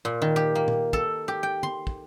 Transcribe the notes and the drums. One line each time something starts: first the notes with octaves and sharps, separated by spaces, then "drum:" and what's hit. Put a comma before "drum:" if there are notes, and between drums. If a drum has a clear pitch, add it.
A#2
D#3
G4
A#3
drum: tom
A4, drum: kick
G4
G5
C6, drum: tom
drum: kick